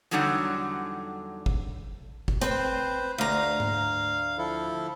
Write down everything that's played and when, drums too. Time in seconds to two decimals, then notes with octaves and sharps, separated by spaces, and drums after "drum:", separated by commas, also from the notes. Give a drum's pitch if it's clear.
0.11 E2 D3 F#3 G3 D#4 F#5
1.46 drum: kick G1
2.28 drum: kick G1
2.41 C4 B4 C5, drum: hi-hat
3.18 D2 F5 A#5
3.60 drum: tom G#2
4.38 F3 E4 A4